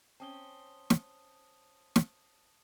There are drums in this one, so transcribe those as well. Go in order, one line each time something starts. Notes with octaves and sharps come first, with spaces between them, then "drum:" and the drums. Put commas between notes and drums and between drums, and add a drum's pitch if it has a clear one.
C4 C#4 A5 D#6 G7
drum: snare
drum: snare